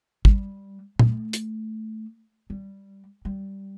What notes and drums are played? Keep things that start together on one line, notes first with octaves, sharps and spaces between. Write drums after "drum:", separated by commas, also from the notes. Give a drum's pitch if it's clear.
G3, drum: kick
A3, drum: tom
drum: hi-hat
G3
G3